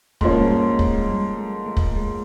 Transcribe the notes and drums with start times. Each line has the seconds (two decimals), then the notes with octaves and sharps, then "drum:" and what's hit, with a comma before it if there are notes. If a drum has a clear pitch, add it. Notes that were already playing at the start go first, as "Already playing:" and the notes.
0.21 G#2 F3 A3 A#3 C#4, drum: kick
0.32 G#3
0.42 G3
0.51 G#3
0.79 G#3, drum: kick
0.94 G#3
1.09 G3
1.37 A3
1.66 A3
1.77 drum: kick
1.96 G#3